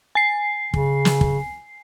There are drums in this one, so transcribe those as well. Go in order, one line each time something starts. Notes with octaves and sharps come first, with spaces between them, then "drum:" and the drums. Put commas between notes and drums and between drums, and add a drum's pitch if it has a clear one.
G#5 C7
C#3, drum: kick
drum: snare
drum: kick